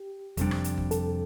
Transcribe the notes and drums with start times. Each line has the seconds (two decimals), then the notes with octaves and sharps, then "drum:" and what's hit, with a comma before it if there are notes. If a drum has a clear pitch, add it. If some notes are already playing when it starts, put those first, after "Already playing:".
Already playing: G4
0.37 F2 C3 G3 D4, drum: kick G1, hi-hat
0.51 drum: rim click
0.64 drum: hi-hat
0.78 drum: kick G1
0.91 A4, drum: hi-hat